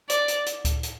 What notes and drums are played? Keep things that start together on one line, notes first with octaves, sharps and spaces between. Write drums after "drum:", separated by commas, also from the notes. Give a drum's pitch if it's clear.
D5, drum: hi-hat
drum: hi-hat
drum: hi-hat
drum: kick C#2, hi-hat
drum: hi-hat